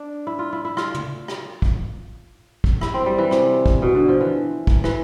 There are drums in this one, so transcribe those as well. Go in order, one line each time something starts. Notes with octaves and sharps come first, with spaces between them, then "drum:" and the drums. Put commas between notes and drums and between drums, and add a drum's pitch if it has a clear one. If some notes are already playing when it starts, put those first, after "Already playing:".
Already playing: D4
E4
F4
E4
E4
F4, drum: rim click
drum: tom
drum: rim click
drum: kick
drum: kick
E4, drum: rim click
C4
G3
E3
C3, drum: rim click
drum: kick
B2
D3
F3
E3
drum: kick
E3, drum: rim click